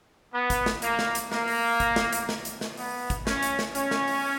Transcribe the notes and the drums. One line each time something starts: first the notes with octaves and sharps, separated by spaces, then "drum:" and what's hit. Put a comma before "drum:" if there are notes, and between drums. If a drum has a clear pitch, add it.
B3
drum: kick, hi-hat
drum: snare
A#3, drum: hi-hat
drum: snare
drum: hi-hat
A#3, drum: snare
drum: open hi-hat
drum: kick, hi-hat
drum: snare
drum: hi-hat
drum: snare
drum: hi-hat
drum: snare
B3, drum: open hi-hat
drum: kick, hi-hat
C#4, drum: snare
drum: hi-hat
drum: snare
C#4, drum: hi-hat
drum: snare
drum: open hi-hat